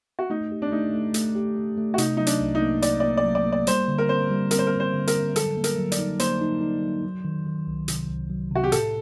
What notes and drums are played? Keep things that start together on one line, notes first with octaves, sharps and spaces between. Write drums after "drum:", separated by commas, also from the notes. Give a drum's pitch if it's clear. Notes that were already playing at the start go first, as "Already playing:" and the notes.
F#4
A3 D#4
G4
D4
A3 D#4
A3
A3, drum: hi-hat
G4
A3
A3
F#4
C3 D#4, drum: hi-hat
F#3 D#4
D4, drum: hi-hat
C2
D#4
A#3
A#3 D5, drum: hi-hat
A#3 D5
D5
F#3
D5
A#3
D5
G3 C5, drum: hi-hat
D3
A#4
C4 C5
G3
C4 A#4, drum: hi-hat
C5
A#4
G3
C5
D3
A#4, drum: hi-hat
G3
F#3 A4, drum: hi-hat
A#3
A#4, drum: hi-hat
F#3
D5, drum: hi-hat
D#4
A#3 C5, drum: hi-hat
D#4
D#4
F#3
F#3
D#3
D#3
C2
C3, drum: hi-hat
C2
F#3
C3 F#4
G4
A2 A4, drum: hi-hat